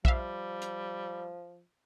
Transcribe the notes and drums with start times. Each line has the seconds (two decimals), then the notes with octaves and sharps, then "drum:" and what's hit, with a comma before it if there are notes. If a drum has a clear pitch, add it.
0.05 F3 G3 E5 F5, drum: kick
0.62 drum: hi-hat